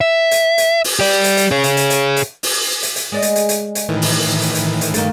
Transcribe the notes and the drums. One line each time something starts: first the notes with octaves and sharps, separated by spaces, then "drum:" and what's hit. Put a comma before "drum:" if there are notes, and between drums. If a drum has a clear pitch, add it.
E5
drum: hi-hat
drum: hi-hat
drum: open hi-hat
G4 D5
drum: hi-hat
drum: hi-hat
G#4 C#5
drum: hi-hat
drum: hi-hat
drum: hi-hat
drum: hi-hat
drum: open hi-hat
drum: hi-hat
drum: hi-hat
G#3 D5 D#5
drum: hi-hat
drum: hi-hat
drum: hi-hat
drum: hi-hat
A2 D#3 E3
drum: open hi-hat
drum: hi-hat
drum: hi-hat
drum: hi-hat
G2 D#3 A3 A#3, drum: hi-hat